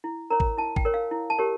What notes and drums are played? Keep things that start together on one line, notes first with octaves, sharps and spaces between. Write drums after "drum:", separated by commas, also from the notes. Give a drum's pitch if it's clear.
E4
A#4 C#5 A#5
drum: kick A1
E4 A5
G5, drum: kick A1
A#4 C#5
F5
E4
A5
G4 A#4 C#5